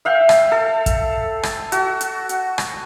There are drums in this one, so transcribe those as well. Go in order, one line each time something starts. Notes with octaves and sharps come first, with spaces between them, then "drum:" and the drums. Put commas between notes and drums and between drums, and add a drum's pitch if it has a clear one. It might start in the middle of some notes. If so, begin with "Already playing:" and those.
E5 F5 G5
drum: rim click
A4
drum: kick, hi-hat
drum: rim click
F#4, drum: hi-hat
drum: hi-hat
drum: hi-hat
drum: rim click